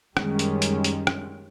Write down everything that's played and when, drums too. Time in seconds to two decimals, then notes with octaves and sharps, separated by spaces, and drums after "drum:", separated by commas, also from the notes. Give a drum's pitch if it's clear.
0.17 F#2 D#3 G3 G#3 C#4, drum: rim click
0.39 drum: hi-hat
0.62 drum: hi-hat
0.84 drum: hi-hat
1.07 drum: rim click